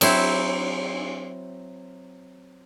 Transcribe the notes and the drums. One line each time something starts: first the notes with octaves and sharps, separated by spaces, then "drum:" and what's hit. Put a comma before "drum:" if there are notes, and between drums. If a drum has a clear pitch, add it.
F#3 C4 E4, drum: cymbal